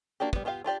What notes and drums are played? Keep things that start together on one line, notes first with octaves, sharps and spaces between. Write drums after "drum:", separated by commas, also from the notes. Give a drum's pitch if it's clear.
A#3 D4 F#4 G4
G3 B3, drum: kick
B3 F4 G4 D#5 F5
D4 F4 G4 D5